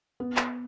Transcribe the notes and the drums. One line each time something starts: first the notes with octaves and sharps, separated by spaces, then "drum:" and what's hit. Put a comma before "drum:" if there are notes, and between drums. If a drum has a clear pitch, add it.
B3
drum: clap